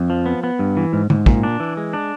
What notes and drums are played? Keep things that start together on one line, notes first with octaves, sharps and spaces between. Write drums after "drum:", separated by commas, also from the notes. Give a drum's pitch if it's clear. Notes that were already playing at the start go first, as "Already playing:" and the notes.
Already playing: F2
F3
B3
B3
G2
E3
G#2
G#2, drum: tom
A#2, drum: kick
D4
E3
G#3
D4